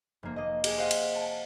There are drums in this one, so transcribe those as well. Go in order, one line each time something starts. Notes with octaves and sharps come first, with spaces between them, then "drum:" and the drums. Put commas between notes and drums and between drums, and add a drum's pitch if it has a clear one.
F1 A#3
A#3 D#5
G4 G#4, drum: cymbal
C5 D#5 F5 F#5
drum: cymbal
A5